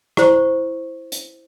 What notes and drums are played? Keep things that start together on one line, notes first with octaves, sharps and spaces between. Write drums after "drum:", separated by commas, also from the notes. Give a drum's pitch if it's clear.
E4 C5 C#6, drum: rim click
drum: hi-hat